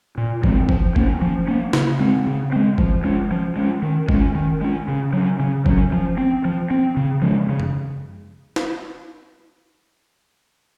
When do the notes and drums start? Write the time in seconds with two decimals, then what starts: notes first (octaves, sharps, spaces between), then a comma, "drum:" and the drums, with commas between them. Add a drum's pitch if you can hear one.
0.18 A#2
0.44 F3 G#3 C4, drum: kick F#1
0.69 F3, drum: kick F#1
0.96 A#3 C#4, drum: kick F#1
1.22 F3
1.48 A#3 C#4
1.73 C#3, drum: snare
2.00 G#3 C4
2.27 C#3
2.53 G#3 C4
2.78 F3, drum: kick F#1
3.04 G#3 C#4
3.31 F3
3.56 G#3 C#4
3.82 D#3
4.09 G#3, drum: kick F#1
4.14 C#4
4.35 D#3
4.61 G#3 C#4
4.88 C#3
5.13 F#3 C#4
5.40 C#3
5.66 F#3 C#4, drum: kick F#1
5.93 F3
6.18 C4
6.45 F3
6.71 C4
6.97 C#3
7.22 F3 G#3 C#4
7.49 C#3
7.60 drum: tom F#2
8.56 drum: snare